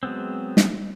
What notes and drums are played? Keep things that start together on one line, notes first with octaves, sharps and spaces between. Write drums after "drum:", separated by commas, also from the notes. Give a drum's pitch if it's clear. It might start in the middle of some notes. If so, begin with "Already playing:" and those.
F#3 G#3 B3 C4
drum: snare